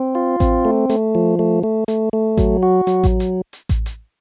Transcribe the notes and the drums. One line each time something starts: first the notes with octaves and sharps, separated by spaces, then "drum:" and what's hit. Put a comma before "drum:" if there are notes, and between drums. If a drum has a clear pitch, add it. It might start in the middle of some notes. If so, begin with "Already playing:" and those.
Already playing: C4
F4
C4, drum: kick A1, hi-hat
A3
A3, drum: hi-hat
F3
A3
A3
A3, drum: hi-hat
A3
F#3, drum: kick A1, hi-hat
F#4
F#3, drum: hi-hat
drum: kick A1, hi-hat
drum: hi-hat
drum: hi-hat
drum: kick A1, hi-hat
drum: hi-hat